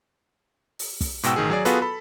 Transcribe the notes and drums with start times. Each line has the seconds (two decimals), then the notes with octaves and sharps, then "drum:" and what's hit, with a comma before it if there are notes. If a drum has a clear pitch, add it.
0.79 drum: open hi-hat
1.01 drum: kick, open hi-hat
1.23 G#2 B2 F#4 G5 E6, drum: hi-hat
1.36 A1 D#3 G#4
1.50 F#3 G#4 D5
1.65 B3 F4 F#4 G#4 A4 B4, drum: hi-hat
1.82 A4 B5